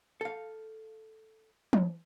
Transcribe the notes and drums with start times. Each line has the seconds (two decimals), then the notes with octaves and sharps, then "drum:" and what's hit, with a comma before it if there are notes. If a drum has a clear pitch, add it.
0.21 A4 F5
1.73 drum: tom